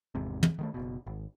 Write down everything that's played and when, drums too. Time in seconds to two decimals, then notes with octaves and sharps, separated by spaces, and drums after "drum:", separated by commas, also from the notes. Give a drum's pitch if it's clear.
0.15 G#1 E2 G#2 C3
0.43 drum: tom
0.59 D#3 G3 A3
0.74 F#1 B2
1.07 G#1